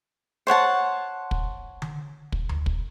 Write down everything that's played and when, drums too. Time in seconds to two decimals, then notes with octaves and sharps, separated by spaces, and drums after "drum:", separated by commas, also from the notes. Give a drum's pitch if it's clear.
0.47 C5 C#5 F#5 A5
1.31 drum: kick
1.82 drum: tom D3
2.32 drum: kick
2.49 drum: tom D2
2.66 drum: kick